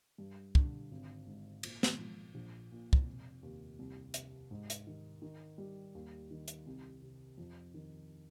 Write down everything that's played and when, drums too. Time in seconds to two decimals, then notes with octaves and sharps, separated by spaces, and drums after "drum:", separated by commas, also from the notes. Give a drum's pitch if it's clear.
0.18 G2
0.55 D3, drum: kick
0.91 G#1
1.27 G#2
1.63 A#2, drum: cymbal
1.83 drum: snare
1.99 F3
2.34 A#1
2.71 A#2
2.93 drum: kick
3.06 F1
3.43 D#2
3.79 C2
4.14 C3, drum: hi-hat
4.51 G#2
4.70 drum: hi-hat
4.87 D#3
5.22 D#3
5.58 G3
5.95 D#2
6.31 D#3
6.48 drum: hi-hat
6.66 C2
7.02 C3
7.38 F2
7.74 D#3